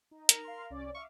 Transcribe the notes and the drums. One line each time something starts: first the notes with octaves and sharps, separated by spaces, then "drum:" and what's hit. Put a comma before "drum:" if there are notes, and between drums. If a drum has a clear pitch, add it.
D#4
A#4, drum: hi-hat
F5 C6
C2 C#4 D5
E5 F5 C#6 D6